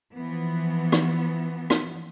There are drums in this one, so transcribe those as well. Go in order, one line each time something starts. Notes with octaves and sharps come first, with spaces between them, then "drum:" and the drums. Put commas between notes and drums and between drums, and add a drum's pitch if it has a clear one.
E3 F3 B3
drum: rim click
drum: rim click